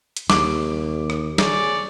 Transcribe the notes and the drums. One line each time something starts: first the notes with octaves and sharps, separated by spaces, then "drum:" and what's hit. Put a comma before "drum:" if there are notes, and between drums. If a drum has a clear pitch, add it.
drum: hi-hat
D#2 D6, drum: snare
drum: rim click
G#4 C#5 D5, drum: snare